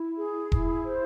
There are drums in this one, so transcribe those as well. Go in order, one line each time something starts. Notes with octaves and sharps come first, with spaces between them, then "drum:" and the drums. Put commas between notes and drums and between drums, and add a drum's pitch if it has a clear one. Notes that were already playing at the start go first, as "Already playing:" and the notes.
Already playing: E4
G#4
E4, drum: kick E1
C5